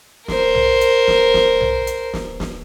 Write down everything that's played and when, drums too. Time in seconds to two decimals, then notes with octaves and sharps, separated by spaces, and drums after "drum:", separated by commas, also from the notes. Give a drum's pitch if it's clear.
0.28 A#4 C5, drum: snare
0.55 drum: tom B1
0.81 drum: hi-hat
1.08 drum: snare
1.34 drum: snare
1.61 drum: tom B1
1.87 drum: hi-hat
2.14 drum: snare
2.40 drum: snare